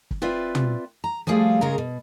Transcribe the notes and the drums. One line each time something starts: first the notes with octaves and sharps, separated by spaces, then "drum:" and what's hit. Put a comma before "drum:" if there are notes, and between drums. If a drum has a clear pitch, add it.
drum: kick
C4 F4 B4 D5 E5
drum: tom
A#5
F3 G3 A3 G#4 D5 F5
G#2 C#3 G#3 A#4 A#5
B2